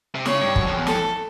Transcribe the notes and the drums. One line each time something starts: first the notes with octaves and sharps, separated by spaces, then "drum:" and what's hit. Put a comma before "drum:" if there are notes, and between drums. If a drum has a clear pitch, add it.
C3
C#3 C#5, drum: snare
G2
F#2, drum: kick
F2
E2
F2 A4, drum: snare